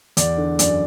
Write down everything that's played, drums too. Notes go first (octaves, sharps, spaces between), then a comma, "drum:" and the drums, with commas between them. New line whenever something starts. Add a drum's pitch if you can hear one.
E2 D5, drum: hi-hat
D3
F#2 D5, drum: hi-hat